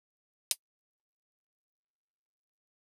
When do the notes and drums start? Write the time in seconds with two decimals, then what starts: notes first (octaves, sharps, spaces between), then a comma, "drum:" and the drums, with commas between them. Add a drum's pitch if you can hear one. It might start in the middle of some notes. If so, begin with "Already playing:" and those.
0.20 D#3
0.51 F#1 E4 C#5 G#5, drum: hi-hat
0.95 A2 F#4 C#5 A5
1.39 G#2 F3 A3 F4
1.78 G2 C#3 F3 F6
2.25 D#5 A5